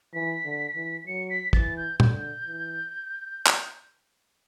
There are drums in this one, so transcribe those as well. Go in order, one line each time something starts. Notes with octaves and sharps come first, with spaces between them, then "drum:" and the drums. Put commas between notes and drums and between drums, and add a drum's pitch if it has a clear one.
E3 B6
D3
E3
F#3 C#7
B6
E3 A6, drum: kick
G6
D3 G6, drum: tom
E3
drum: clap